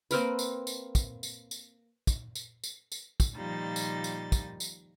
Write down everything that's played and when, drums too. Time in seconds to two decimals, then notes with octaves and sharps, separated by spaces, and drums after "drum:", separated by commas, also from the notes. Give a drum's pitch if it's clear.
0.11 A#3 C4 A#4 B4, drum: tambourine
0.39 drum: tambourine
0.67 drum: tambourine
0.95 drum: kick, tambourine
1.23 drum: tambourine
1.51 drum: tambourine
2.07 drum: kick, tambourine
2.35 drum: tambourine
2.64 drum: tambourine
2.92 drum: tambourine
3.20 drum: kick, tambourine
3.35 A#2 D#3 F3 G3 D#4 A6
3.76 drum: tambourine
4.04 drum: tambourine
4.32 drum: kick, tambourine
4.60 drum: tambourine